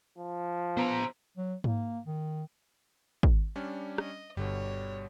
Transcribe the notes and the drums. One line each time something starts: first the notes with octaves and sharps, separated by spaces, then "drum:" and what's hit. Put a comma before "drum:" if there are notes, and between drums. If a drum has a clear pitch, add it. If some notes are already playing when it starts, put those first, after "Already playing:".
F3
B3 C5 A#5
F#3
A#3, drum: tom G#2
D#3
drum: kick
G3 C#4 D4
D#5, drum: rim click
G1 B2 D3 G3 C#5